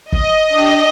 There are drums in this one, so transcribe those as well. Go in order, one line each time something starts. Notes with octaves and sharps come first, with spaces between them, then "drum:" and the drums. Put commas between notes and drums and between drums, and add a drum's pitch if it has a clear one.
D#5, drum: kick
D4 G4